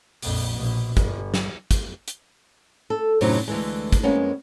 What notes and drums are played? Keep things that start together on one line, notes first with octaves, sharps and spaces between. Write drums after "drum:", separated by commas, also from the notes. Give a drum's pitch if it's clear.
A#1 F2, drum: open hi-hat
A#1 B2
G1, drum: kick, hi-hat
drum: snare
drum: kick, hi-hat
drum: hi-hat
A4
F#2 A2 C3 F#3 C4 D#4, drum: open hi-hat
D2 E3 G#3
drum: kick, hi-hat
F2 G#3 A#3 B3 C#4